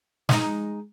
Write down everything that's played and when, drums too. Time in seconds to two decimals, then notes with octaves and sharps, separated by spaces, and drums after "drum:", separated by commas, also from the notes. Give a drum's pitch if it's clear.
0.29 G#3 D#4, drum: snare